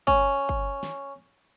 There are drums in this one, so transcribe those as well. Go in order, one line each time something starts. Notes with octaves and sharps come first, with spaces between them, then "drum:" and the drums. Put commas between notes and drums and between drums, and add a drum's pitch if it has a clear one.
C#4, drum: kick
drum: kick
drum: snare